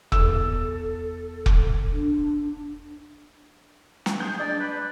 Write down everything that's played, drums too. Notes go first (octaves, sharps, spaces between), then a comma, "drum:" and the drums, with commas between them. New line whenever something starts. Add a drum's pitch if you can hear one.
E2 A4 E6, drum: kick F1
drum: kick F1
D4
drum: snare
G#4 G6
D4 D5
B4